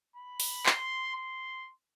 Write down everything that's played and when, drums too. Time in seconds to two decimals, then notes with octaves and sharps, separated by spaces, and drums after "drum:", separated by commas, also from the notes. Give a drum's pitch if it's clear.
0.16 B5
0.40 drum: open hi-hat
0.66 C6, drum: clap
1.16 C6